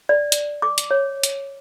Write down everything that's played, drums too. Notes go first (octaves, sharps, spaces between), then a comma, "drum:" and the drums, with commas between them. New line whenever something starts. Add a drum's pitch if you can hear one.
D5
drum: hi-hat
D6
drum: hi-hat
C#5
drum: hi-hat